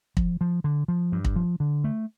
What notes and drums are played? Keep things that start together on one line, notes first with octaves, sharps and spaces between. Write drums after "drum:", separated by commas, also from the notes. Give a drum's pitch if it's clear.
F3, drum: kick
F3
D3
F3
G2
drum: kick
F3
D3
A3